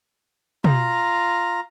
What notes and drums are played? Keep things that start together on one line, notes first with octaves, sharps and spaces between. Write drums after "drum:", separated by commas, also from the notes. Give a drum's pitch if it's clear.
F4 A#5, drum: tom